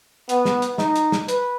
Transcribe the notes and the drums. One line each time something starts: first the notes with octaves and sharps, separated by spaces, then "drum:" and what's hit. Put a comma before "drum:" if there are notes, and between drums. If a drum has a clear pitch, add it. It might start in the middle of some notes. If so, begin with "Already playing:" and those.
B3, drum: hi-hat
drum: snare
drum: hi-hat
D#4, drum: snare
drum: hi-hat
drum: snare
B4, drum: hi-hat